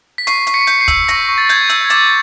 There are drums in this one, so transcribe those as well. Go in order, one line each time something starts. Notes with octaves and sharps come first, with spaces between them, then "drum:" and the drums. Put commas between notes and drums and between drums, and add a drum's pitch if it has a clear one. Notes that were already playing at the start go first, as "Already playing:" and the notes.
B6
C#6 C7, drum: hi-hat
C#6, drum: hi-hat
B6 C#7
G6, drum: hi-hat
C7
E6, drum: kick, hi-hat
C#6 A#6, drum: hi-hat
C#6
A6
G6 G#6, drum: hi-hat
E6, drum: hi-hat
G#6
D6 A6, drum: hi-hat